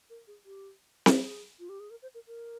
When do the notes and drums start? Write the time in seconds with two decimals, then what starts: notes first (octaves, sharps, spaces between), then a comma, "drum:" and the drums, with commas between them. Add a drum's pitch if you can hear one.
0.10 A#4
0.27 G#4
0.45 G4
1.06 drum: snare C4
1.18 G#4
1.59 F4
1.69 G4
1.80 G#4
1.90 A#4
2.02 C5
2.14 A#4
2.27 A#4